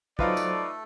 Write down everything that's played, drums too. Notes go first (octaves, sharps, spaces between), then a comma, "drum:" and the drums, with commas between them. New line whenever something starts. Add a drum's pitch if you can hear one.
F#3 A3 D#4 F4 A4 B4 C5 D5, drum: kick
drum: tambourine